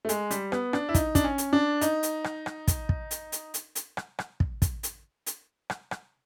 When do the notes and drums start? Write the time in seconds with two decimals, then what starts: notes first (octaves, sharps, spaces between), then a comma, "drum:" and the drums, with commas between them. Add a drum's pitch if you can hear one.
0.05 A3
0.09 G#3, drum: hi-hat
0.31 G3, drum: hi-hat
0.52 B3, drum: rim click
0.73 D4, drum: rim click
0.89 E4
0.95 D#4, drum: kick, hi-hat
1.15 D4, drum: kick, hi-hat
1.24 C#4
1.38 drum: hi-hat
1.53 D4
1.81 D#4, drum: hi-hat
2.03 drum: hi-hat
2.24 drum: rim click
2.46 drum: rim click
2.68 drum: kick, hi-hat
2.89 drum: kick
3.11 drum: hi-hat
3.32 drum: hi-hat
3.54 drum: hi-hat
3.75 drum: hi-hat
3.97 drum: rim click
4.19 drum: rim click
4.40 drum: kick
4.62 drum: kick, hi-hat
4.83 drum: hi-hat
5.26 drum: hi-hat
5.70 drum: rim click
5.91 drum: rim click